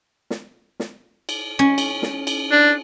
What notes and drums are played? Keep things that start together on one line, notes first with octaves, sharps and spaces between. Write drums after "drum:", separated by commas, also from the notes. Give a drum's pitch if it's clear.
drum: snare
drum: snare
drum: cymbal
C#4
drum: cymbal
drum: snare
drum: cymbal
D4